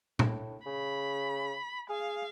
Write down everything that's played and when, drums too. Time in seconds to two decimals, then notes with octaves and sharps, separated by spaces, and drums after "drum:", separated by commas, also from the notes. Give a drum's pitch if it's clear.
0.19 A2, drum: tom
0.66 C#3 B5
1.90 G#4 F5